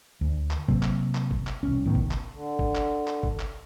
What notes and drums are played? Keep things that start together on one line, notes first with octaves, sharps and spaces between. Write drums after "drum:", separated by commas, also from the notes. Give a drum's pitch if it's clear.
D2
drum: clap
C3 F#3 A#3 C4, drum: kick
drum: clap
drum: clap
drum: kick
drum: clap
E1 C2 C#4
C2 A2 D#3 B3
drum: kick
drum: clap
D3
drum: kick
drum: clap
drum: clap
drum: kick
drum: clap